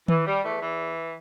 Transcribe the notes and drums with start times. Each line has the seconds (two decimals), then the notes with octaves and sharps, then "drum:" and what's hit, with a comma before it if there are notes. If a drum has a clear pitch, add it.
0.08 E3, drum: tom D#3
0.26 G3
0.43 E2 E3 A3
0.60 E3